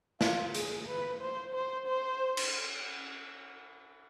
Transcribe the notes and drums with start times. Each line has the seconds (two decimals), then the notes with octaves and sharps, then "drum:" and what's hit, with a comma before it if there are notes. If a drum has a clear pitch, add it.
0.21 F4, drum: snare
0.54 G#4, drum: hi-hat
0.88 B4
1.20 C5
1.54 C5
1.87 C5
2.37 drum: cymbal